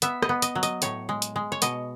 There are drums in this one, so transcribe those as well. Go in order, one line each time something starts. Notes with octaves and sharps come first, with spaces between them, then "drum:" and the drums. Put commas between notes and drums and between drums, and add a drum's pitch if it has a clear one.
B3 E5, drum: hi-hat
D#5, drum: rim click
B3
D#5, drum: hi-hat
F#3
D#5, drum: hi-hat
A2 C#5, drum: hi-hat
G#3
drum: hi-hat
G#3
C#5
B2 D#5, drum: hi-hat